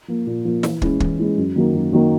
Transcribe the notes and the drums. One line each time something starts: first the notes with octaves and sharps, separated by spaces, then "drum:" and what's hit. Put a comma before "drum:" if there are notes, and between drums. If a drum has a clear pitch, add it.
F3 A#3
A#2
F3 A#3
E3, drum: snare
G#3 C#4 E4, drum: kick
E3, drum: kick
G#3 C#4 E4
F#2
D#3 F#3 A#3
F#2
D#3 F#3 A#3